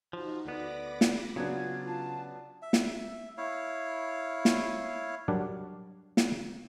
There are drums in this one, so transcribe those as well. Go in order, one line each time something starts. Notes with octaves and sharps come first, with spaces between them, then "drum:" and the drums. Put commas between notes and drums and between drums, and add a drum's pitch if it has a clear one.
F3 D#4 F#4
D2 B3 D5 B5 D6 A#6
drum: snare
C#3 F#3 B3 D4 F4 G#6
A5
E5
drum: snare
E4 C#5 F5
drum: snare
F#3 G3 D4 A#4 D5 F#5
drum: snare